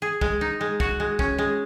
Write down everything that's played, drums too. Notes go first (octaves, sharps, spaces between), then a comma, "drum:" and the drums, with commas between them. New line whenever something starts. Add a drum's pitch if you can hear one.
G#4
G#3, drum: kick
D#4
G#3
F#4, drum: kick
G#3
C#4, drum: kick
G#3